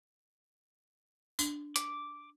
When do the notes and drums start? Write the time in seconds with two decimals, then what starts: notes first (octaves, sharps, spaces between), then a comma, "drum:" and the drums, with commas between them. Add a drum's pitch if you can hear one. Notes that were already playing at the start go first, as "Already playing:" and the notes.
1.39 D4, drum: tambourine
1.76 D6, drum: hi-hat